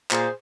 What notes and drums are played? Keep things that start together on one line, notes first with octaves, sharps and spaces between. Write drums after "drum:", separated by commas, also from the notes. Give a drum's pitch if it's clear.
A#2 G#4 C5, drum: clap